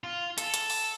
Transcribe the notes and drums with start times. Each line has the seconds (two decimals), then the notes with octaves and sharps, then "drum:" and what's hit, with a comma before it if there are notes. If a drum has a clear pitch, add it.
0.04 F4
0.38 A4, drum: hi-hat
0.54 drum: hi-hat
0.70 drum: open hi-hat